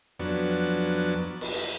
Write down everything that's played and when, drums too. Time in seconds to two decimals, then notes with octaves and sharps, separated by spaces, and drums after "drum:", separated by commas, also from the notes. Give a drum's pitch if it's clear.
0.19 F2 F#3 B3 D4
1.41 drum: cymbal